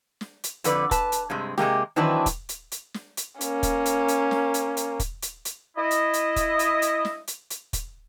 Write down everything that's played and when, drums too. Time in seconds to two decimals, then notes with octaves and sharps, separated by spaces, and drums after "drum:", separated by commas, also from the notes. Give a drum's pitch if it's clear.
0.21 drum: snare
0.44 drum: hi-hat
0.64 F2 D3 B4 D5, drum: hi-hat
0.91 B4 A5, drum: kick, hi-hat
1.12 drum: hi-hat
1.30 G2 C3 G#3
1.58 C3 G#3 A#3 G4, drum: snare
1.96 D#3 E3 F#3 C4 D4 B4
2.26 drum: kick, hi-hat
2.49 drum: hi-hat
2.72 drum: hi-hat
2.94 drum: snare
3.17 drum: hi-hat
3.41 A#3 C#4, drum: hi-hat
3.63 drum: kick, hi-hat
3.86 drum: hi-hat
4.08 drum: hi-hat
4.31 drum: snare
4.54 drum: hi-hat
4.77 drum: hi-hat
5.00 drum: kick, hi-hat
5.22 drum: hi-hat
5.45 drum: hi-hat
5.77 E4 D#5
5.91 drum: hi-hat
6.13 drum: hi-hat
6.36 drum: kick, hi-hat
6.59 drum: hi-hat
6.82 drum: hi-hat
7.05 drum: snare
7.27 drum: hi-hat
7.50 drum: hi-hat
7.73 drum: kick, hi-hat